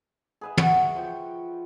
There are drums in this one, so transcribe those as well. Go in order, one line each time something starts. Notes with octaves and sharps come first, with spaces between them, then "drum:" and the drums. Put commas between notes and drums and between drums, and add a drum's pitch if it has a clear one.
G#4 B4 E5
F#4 F#5 C#6, drum: tom
F3 G5